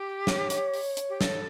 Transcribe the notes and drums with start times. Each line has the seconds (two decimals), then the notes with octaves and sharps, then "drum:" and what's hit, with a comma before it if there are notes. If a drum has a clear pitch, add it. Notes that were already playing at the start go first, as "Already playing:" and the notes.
Already playing: G4
0.27 C#5, drum: snare
0.50 drum: hi-hat
0.74 drum: open hi-hat
0.97 drum: hi-hat
1.09 G4
1.21 A4, drum: snare